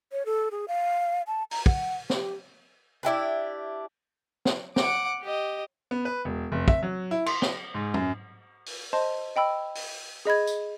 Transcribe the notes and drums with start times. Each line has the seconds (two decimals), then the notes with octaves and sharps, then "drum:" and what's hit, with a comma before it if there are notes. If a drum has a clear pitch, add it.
0.12 C#5
0.26 A4
0.51 G#4
0.68 F5
1.27 A5
1.51 A#5, drum: open hi-hat
1.66 F#5, drum: kick
2.10 G4, drum: snare
3.03 D4 E4 G4 B4
4.45 drum: snare
4.76 F#5 D6, drum: snare
5.22 G4 D#5
5.91 B3
6.05 B4
6.25 E1
6.52 F1
6.68 E5, drum: kick
6.83 F#3
7.11 E4
7.26 C6, drum: cymbal
7.42 G7, drum: snare
7.74 G#2
7.94 F#2, drum: tom
8.66 drum: open hi-hat
8.93 C5 D#5 A5 C6
9.36 D#5 G5 B5 E6
9.75 drum: open hi-hat
10.25 G#4 D#5 B5 G#6
10.47 drum: tambourine